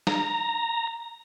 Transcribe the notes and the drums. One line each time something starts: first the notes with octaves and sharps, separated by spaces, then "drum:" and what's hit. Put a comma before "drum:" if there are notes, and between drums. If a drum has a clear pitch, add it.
A#5, drum: snare